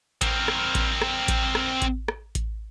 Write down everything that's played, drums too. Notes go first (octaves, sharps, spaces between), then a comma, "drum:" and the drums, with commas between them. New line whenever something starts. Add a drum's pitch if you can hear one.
C4 A#4, drum: kick A1, hi-hat
drum: rim click
drum: kick A1, hi-hat
drum: rim click
drum: kick A1, hi-hat
drum: rim click
drum: kick A1, hi-hat
drum: rim click
drum: kick A1, hi-hat